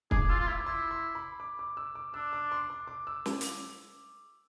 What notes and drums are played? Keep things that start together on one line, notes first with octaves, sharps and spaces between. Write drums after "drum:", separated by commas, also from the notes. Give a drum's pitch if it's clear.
G#4 D6, drum: kick
F4 E6
F4
E4 D6
D6
E4 C6
C6
B5
D6
D6
E6
D6
D4 E6
D6
C6
D6
D6
E6
drum: snare
drum: hi-hat